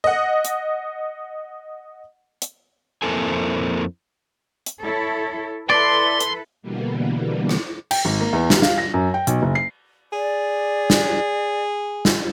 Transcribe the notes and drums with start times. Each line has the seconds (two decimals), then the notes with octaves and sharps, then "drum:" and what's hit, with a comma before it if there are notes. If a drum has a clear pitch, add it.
0.04 D#5 F#5
0.45 drum: hi-hat
2.42 drum: hi-hat
3.02 F2 A#3 C4 E4 A4 G#5
4.66 drum: hi-hat
4.79 E4 A4 C#5
5.70 E4 A4 B4 D5 C6
6.20 drum: hi-hat
6.62 B2 D3 E3 G3 A#3 B3
7.49 drum: rim click
7.91 G5, drum: cymbal
8.05 G#1
8.20 A#3
8.33 E2
8.50 D#2, drum: snare
8.62 F5, drum: snare
8.78 A#6
8.94 F#2
9.14 G5
9.27 B1, drum: hi-hat
9.42 F#1
9.55 C7
10.12 G#4 D5
10.90 drum: snare
12.05 drum: snare